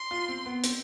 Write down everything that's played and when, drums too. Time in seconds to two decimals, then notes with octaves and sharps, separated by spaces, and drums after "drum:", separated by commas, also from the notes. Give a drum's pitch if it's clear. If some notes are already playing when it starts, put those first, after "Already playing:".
Already playing: C6
0.11 F4
0.28 C4
0.46 B3
0.64 C4, drum: hi-hat